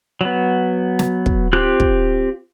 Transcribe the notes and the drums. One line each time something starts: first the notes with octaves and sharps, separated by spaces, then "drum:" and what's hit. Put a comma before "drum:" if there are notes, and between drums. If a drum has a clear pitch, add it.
F#3 B3
drum: snare
drum: kick
C4 F4 G4 F#6
drum: kick